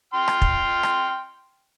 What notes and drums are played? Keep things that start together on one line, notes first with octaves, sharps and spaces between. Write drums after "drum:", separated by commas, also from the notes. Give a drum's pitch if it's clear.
G5 C6 F6
drum: rim click
drum: kick
drum: rim click